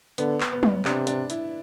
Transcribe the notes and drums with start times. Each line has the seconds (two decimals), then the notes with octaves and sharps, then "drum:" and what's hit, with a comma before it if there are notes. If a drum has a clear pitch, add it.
0.18 D3 B3, drum: hi-hat
0.41 drum: clap
0.52 B3
0.63 drum: tom F#3
0.85 C3 D4, drum: clap
1.07 D4, drum: hi-hat
1.30 E4, drum: hi-hat